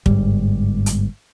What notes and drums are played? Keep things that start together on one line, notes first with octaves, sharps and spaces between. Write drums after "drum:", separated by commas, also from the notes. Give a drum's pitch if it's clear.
G1 E2 G#2 G3, drum: kick
drum: hi-hat